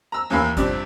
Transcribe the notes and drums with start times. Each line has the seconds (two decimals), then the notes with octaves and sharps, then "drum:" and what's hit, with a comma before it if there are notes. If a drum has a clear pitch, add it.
0.12 A#5 E6
0.30 D#2 E3 A#4 F5 B5 E6
0.57 G2 C3 F3 D5, drum: kick G#1, hi-hat